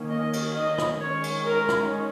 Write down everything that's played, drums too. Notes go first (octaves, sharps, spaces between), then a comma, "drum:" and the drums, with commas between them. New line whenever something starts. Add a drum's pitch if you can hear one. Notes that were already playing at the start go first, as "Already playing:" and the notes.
Already playing: D#3 A#3 C#4
D#5
drum: cymbal
D#5
drum: rim click
D#3 G#3 C#4 C#5
drum: cymbal
A#4
drum: rim click